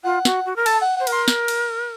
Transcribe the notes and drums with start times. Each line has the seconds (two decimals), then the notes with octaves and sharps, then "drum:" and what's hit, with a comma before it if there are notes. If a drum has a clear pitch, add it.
0.04 F4 F#5
0.25 F#4, drum: snare
0.45 F#4
0.56 A#4
0.66 A4 A5, drum: cymbal
0.82 F#5
0.97 C5 F#5
1.07 A#4, drum: cymbal
1.12 C6
1.28 drum: snare
1.48 drum: cymbal